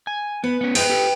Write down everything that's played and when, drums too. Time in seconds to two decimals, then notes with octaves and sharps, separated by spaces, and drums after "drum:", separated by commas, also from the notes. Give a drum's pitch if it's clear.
0.07 G#5
0.44 B3 B4
0.61 B3 C#4
0.75 G#4 B4 C5 G5, drum: cymbal
0.90 G4 A4